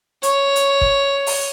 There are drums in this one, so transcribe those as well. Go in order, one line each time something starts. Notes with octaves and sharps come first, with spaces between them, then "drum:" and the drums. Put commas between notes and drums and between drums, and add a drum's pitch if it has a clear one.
C#5, drum: hi-hat
drum: hi-hat
drum: kick
drum: open hi-hat